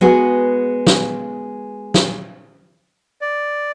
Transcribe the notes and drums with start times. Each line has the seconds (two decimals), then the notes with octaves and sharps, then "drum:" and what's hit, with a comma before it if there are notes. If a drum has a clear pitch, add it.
0.01 G#3 B3 F#4 G#4
0.87 drum: snare
1.94 drum: snare
3.21 D5